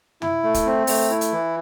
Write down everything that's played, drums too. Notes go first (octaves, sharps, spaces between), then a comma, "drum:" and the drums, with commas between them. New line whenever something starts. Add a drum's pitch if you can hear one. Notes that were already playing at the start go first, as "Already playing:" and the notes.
E4, drum: tom
A3
drum: kick D1, hi-hat
C4
A3, drum: open hi-hat
E4
drum: hi-hat
E3